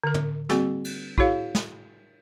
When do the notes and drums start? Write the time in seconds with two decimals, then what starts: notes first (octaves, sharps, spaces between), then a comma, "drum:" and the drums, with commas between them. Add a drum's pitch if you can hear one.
0.04 D3 A#4
0.14 drum: tom
0.49 G3 A#3 C4 F#4 G#4, drum: snare
0.84 drum: cymbal
1.18 E4 F#4 G#4 C#5 F5, drum: kick
1.55 drum: snare